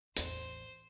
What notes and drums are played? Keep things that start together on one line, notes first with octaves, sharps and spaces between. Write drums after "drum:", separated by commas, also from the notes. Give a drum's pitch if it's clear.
A1 E2 C5, drum: hi-hat